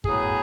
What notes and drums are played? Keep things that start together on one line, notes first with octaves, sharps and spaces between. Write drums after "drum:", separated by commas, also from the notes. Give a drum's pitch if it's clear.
A2 F#3 B3 G#4, drum: kick